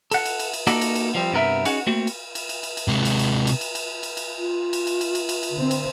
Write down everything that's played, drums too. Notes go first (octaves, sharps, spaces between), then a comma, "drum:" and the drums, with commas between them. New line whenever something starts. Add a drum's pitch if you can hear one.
A4 F#5, drum: cymbal
drum: cymbal
drum: cymbal
drum: cymbal
A#3 D#4 F#4 A4 A#4 D5, drum: cymbal
drum: cymbal
drum: cymbal
F3 G3 C4
G2 C3 B3 A#4 E5
C#4 D#4 F#4 G#4 F#5, drum: cymbal
A3 A#3 C4 F#4
drum: cymbal
drum: cymbal
drum: cymbal
drum: cymbal
drum: cymbal
C3 G#3
drum: cymbal
drum: cymbal
drum: cymbal
drum: cymbal
drum: cymbal
drum: cymbal
drum: cymbal
F4
drum: cymbal
drum: cymbal
drum: cymbal
drum: cymbal
drum: cymbal
drum: cymbal
D3 C4
drum: cymbal